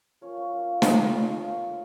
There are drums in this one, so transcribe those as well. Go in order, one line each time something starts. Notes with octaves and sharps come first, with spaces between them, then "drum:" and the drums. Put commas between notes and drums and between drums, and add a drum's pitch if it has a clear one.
F3 A#3 C#4 F4 C#5
C#5
F3 A#3 C#4 F4
F3 A3 C#4 C#5, drum: snare
C5
F3 A3 C#4 C#5
F5
A#3 F4